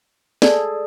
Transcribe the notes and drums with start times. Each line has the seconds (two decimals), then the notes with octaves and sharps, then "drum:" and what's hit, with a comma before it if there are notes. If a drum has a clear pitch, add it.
0.42 G#4 A4 D5, drum: snare